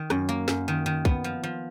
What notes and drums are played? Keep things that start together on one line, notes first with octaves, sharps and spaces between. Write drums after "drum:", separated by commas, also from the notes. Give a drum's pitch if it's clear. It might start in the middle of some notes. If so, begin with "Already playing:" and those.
Already playing: D#3
F#2, drum: rim click
A#3
F#2, drum: snare
D#3
D#3
B3, drum: kick
F3
F3